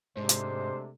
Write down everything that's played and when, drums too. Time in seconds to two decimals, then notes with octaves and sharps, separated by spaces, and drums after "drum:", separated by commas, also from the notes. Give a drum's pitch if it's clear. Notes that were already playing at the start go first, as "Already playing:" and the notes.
0.17 G#2 C3 G#3 A3 D4 C5
0.29 drum: hi-hat